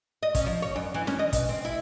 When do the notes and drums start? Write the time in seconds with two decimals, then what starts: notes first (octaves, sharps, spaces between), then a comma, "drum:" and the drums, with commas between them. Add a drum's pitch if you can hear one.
0.23 D#5
0.35 C#4, drum: kick, hi-hat
0.46 F3
0.62 C#5
0.76 F#2
0.94 E3
1.07 C#4, drum: snare
1.19 D#5
1.33 B2, drum: kick, hi-hat
1.49 C4
1.65 E4